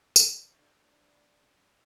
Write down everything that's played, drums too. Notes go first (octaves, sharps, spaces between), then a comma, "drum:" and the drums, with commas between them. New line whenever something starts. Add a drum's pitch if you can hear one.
A#2, drum: tambourine
C3 A3 D4
B3